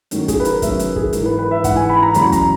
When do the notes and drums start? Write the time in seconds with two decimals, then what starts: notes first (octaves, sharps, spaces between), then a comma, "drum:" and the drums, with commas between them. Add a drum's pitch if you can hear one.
0.11 F#2 D#3 F#3, drum: hi-hat
0.28 G#4, drum: kick, hi-hat
0.40 B4
0.45 A#4, drum: hi-hat
0.62 F#2 D#3 F#3 E5, drum: kick, hi-hat
0.79 A#4, drum: hi-hat
0.96 G#4, drum: kick
1.13 G#2 E3 A#4, drum: hi-hat
1.25 B4
1.39 B4
1.51 E5
1.64 G#2 E3 F#5, drum: kick, hi-hat
1.76 G#5
1.89 B5
2.02 A#5
2.14 E2 C#3 F#3 B5, drum: hi-hat
2.32 A#5, drum: kick, hi-hat